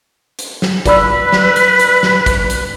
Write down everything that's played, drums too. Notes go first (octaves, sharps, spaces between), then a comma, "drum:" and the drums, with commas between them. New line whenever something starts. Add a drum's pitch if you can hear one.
drum: hi-hat
drum: snare
B4 D5 B5 E6, drum: kick, hi-hat
drum: snare
drum: hi-hat
drum: hi-hat
drum: snare
drum: kick, hi-hat
drum: hi-hat